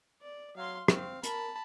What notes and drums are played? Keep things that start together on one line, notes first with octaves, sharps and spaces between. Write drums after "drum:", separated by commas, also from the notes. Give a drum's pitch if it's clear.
D5
F#3 F5 C6
C4 F5, drum: rim click
A#4 A5 B5, drum: hi-hat